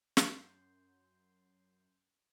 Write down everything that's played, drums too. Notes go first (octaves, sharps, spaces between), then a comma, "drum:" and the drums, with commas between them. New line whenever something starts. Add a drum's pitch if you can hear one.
F#2 C6 G6, drum: snare